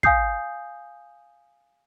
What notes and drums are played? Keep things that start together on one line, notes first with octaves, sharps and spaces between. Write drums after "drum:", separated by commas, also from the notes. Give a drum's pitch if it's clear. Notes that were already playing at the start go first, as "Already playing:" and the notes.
F5 G#5 D#6 G6 C7, drum: kick